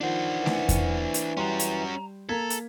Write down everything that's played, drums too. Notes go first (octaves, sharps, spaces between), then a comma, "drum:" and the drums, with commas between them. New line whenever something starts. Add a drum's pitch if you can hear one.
D#3 F3 D4 C5 F#5
E3
drum: snare A3
drum: kick E2, hi-hat
drum: hi-hat
G3 C#4 F#4 G5 A#5 C6
drum: hi-hat
A#3 A4 A#5 G#6 B6
drum: hi-hat